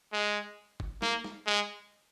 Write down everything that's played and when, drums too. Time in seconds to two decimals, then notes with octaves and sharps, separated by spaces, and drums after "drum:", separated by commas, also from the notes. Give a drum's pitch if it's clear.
0.13 G#3
0.80 drum: kick
1.02 A#3, drum: snare
1.24 drum: snare
1.47 G#3